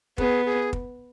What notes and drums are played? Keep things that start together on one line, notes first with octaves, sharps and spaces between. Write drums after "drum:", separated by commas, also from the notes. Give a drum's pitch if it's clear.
B3 G#4, drum: kick
G#4
drum: kick